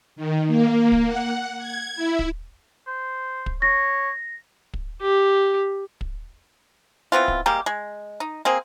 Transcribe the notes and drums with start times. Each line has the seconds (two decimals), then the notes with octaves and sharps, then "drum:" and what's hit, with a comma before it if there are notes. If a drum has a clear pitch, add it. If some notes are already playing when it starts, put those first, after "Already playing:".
0.16 D#3
0.47 A#3
0.92 drum: kick
1.06 F#5
1.59 G#6
1.96 E4
2.19 drum: kick
2.87 C5
3.46 drum: kick
3.62 C#5 A#6
4.74 drum: kick
5.02 G4
6.01 drum: kick
7.12 E3 B3 C4 F4
7.28 drum: kick
7.46 G3 G#3 A#3 G4
7.66 G#3
8.20 D#4
8.45 A#3 C4 G#4